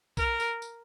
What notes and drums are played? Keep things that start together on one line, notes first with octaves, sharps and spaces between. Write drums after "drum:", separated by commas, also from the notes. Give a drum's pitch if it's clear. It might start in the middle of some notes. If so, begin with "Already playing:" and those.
A#4, drum: kick B1, tambourine
drum: tambourine
drum: tambourine